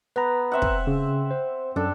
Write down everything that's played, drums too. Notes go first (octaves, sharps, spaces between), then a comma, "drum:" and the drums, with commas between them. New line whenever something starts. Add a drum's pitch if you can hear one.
B3 B4 A#5
C4 E5 F#5
drum: kick
C#3
C5
F#2 D4 A4